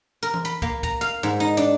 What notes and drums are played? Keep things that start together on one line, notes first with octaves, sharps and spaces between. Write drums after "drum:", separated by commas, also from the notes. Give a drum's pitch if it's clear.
A#4
drum: tom E3
B5
A#3, drum: kick
A#5, drum: kick
F5
G#2
D#4
D4